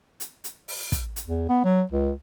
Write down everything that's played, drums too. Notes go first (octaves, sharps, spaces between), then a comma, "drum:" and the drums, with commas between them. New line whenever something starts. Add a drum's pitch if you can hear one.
drum: hi-hat
drum: hi-hat
drum: open hi-hat
drum: kick, hi-hat
drum: hi-hat
E2
B3
F#3
C#2